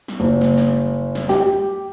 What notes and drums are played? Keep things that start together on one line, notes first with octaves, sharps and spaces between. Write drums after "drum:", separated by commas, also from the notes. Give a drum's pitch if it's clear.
drum: snare
F#1
drum: snare
drum: snare
drum: snare
G4, drum: snare